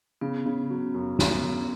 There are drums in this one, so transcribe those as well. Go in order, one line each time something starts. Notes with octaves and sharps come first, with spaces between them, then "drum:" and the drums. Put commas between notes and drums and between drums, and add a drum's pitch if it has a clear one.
C#3 B3
C#3
F#3
F#2
F#2 C#4, drum: snare
B3
F#2 C#4